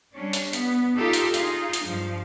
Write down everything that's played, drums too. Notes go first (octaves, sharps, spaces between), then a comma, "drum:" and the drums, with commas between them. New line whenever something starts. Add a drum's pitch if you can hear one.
G3 C#4 D4
drum: hi-hat
B3, drum: hi-hat
D#4 F4 G4 A4
drum: hi-hat
D#4 F4 G#4, drum: hi-hat
drum: hi-hat
G2 F3